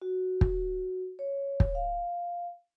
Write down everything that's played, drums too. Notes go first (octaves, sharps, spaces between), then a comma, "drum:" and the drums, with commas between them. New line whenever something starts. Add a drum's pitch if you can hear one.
F#4
drum: kick
C#5
drum: kick
F5